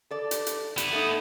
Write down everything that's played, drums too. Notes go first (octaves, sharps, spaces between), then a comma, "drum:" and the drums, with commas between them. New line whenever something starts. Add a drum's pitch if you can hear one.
A4 D5
drum: hi-hat
drum: hi-hat
B3 E4, drum: hi-hat
A3 D#4